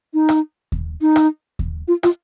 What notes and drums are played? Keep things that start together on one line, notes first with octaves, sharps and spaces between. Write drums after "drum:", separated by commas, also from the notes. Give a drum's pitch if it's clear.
D#4
drum: rim click
drum: kick D#2
D#4
drum: rim click
drum: kick D#2
F4
F4, drum: rim click